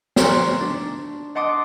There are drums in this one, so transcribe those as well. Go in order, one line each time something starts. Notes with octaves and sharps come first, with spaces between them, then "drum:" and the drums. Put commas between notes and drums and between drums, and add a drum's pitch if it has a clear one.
A#5 C6 C#6 F#6 A6 C7, drum: snare
D4
D#5 F#5 A5 C6 D6 D#6